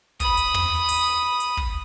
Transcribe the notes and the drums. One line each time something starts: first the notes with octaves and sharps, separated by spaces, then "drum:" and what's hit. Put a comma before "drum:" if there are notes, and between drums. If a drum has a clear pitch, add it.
B5 D#6, drum: kick, hi-hat
drum: hi-hat
drum: tom
drum: open hi-hat
drum: hi-hat
drum: kick